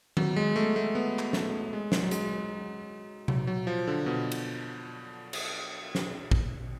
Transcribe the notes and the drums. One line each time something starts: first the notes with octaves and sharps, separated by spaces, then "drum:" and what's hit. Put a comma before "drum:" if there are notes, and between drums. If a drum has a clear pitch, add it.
F#3, drum: tom D#3
G#3
A3
A3
B3
drum: clap
A3, drum: snare
G#3
drum: snare
F#3
G#3, drum: hi-hat
F#3, drum: tom C3
F#3
F3
D3
B2
drum: cymbal
drum: cymbal
drum: snare
drum: kick